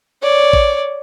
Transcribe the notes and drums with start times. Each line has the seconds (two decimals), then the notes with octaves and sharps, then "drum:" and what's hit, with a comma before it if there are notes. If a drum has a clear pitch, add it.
0.23 C#5 D5
0.53 drum: kick A1